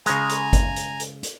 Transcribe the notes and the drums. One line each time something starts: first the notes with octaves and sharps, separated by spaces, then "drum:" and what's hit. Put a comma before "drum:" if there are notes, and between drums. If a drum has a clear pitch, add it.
C#3 G#3 G#5 A#5, drum: hi-hat
drum: hi-hat
drum: kick G1, hi-hat
drum: hi-hat
drum: hi-hat
drum: hi-hat